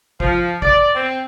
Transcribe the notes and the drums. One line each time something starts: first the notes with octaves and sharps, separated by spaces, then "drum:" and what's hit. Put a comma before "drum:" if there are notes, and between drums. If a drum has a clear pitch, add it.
F3, drum: kick
D5, drum: kick
C4